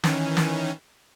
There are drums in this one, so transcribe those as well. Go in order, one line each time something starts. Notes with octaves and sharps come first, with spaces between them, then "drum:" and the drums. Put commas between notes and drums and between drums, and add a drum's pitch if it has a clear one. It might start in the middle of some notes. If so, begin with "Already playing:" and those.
D#3 E3 C#4, drum: snare
drum: snare